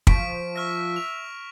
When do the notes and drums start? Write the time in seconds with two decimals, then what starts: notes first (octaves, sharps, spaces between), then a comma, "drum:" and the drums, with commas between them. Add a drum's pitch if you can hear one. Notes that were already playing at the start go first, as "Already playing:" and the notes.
0.07 F3 C#6 B6 D7, drum: kick
0.56 E5 C#6 F6 A#6
0.96 F7